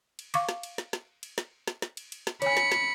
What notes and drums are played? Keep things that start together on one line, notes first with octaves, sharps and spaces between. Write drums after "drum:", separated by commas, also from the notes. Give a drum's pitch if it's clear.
drum: cymbal
F5 C#6 D6, drum: cymbal
drum: snare
drum: cymbal
drum: snare
drum: snare
drum: cymbal
drum: snare
drum: snare
drum: snare
drum: cymbal
drum: cymbal
drum: snare
C#5 G#5 B5 C#7, drum: cymbal
drum: snare
drum: snare